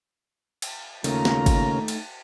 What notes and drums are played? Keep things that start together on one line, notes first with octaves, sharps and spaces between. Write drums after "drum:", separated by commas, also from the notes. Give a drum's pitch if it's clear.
drum: cymbal
D#2 C#3 A3 C#4 D#4 F4 A#4 A#5, drum: cymbal
drum: snare
drum: kick G1, cymbal
drum: cymbal